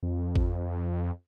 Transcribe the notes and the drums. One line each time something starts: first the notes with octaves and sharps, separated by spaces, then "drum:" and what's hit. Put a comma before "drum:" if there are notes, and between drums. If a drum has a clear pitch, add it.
F2
drum: kick